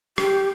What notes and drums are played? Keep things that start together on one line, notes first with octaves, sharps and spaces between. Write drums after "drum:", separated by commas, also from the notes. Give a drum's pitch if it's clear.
G4, drum: rim click